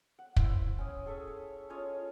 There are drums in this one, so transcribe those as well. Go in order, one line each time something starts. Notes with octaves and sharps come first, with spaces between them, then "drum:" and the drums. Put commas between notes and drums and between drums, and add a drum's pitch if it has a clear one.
F#5
E4 C5, drum: kick
C#4 D#6
G#4 A4 C#5 E5
C#5
C#4 F4 C#5 D#5